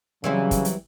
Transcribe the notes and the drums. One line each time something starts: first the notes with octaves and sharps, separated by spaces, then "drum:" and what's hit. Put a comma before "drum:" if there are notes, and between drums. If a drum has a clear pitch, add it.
C#3 E3 F#3 G3 C4
drum: kick, hi-hat
drum: hi-hat